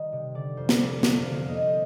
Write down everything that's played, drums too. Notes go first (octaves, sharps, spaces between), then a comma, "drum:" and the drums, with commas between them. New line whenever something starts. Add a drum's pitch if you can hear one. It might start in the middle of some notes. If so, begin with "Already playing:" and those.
Already playing: D#3 G3 D#5
C3
D3 D5
F2 C5
drum: snare
G3 D5
F2 F5, drum: snare
D3 F5
F2 D#5
C5